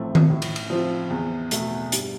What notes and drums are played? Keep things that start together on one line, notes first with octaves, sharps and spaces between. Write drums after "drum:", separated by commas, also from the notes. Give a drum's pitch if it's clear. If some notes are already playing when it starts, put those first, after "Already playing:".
Already playing: A1 A2 F3 A3 C4
drum: tom D#3
A2
drum: cymbal
drum: cymbal
F3 C4 F4
E2
B2 A3, drum: hi-hat
G2, drum: hi-hat